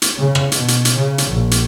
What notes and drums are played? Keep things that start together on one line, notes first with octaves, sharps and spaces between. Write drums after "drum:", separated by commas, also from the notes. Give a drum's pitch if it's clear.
drum: hi-hat
C#3
drum: rim click
B2, drum: hi-hat
drum: hi-hat
drum: hi-hat
C#3
drum: hi-hat
A#1
drum: hi-hat